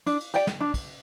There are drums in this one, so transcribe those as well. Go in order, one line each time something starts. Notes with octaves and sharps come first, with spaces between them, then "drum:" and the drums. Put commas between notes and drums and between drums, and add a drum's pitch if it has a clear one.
D4, drum: cymbal
drum: cymbal
G4 D5 G5, drum: cymbal
drum: snare
D4
drum: kick, cymbal